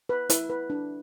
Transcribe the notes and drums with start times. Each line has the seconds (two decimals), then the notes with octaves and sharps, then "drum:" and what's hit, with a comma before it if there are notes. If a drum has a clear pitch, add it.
0.09 B4
0.30 E4, drum: hi-hat
0.50 B4
0.70 D4